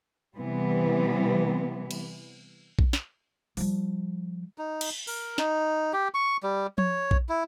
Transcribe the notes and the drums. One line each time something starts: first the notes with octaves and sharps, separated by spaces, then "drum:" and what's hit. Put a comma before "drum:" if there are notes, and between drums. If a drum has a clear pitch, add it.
C3 E3 G3 B3
drum: cymbal
drum: kick A#1
drum: snare
F3 G3, drum: open hi-hat
D#4
drum: cymbal
A#4, drum: open hi-hat
D#4, drum: snare
G4
C#6
G3
C#5, drum: tom F3
drum: kick A#1
E4